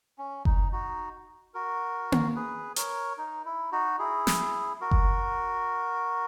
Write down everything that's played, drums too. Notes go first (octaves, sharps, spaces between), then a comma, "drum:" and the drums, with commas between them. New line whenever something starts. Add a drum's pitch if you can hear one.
C#4
D#4, drum: kick F#1
D#4 F#4
F#4 A#4
drum: tom A#3
G#4 B4
A#4 C#5, drum: hi-hat
D#4
E4
D#4 F#4
E4 G#4
drum: snare
F#4 A#4
drum: kick F#1